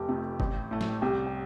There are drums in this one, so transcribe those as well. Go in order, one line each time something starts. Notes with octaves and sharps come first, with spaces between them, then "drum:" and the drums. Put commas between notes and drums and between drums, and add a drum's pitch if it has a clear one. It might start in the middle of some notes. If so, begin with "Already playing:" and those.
Already playing: F1 G4 G5 A5
F2 C3 A3
A1, drum: kick
A2 A3
drum: snare
C2 G4 G5
G5